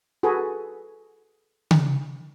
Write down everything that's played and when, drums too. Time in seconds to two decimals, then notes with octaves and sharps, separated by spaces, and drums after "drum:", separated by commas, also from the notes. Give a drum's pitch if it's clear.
0.23 F#4 G#4 A4 B4
1.71 drum: tom C#3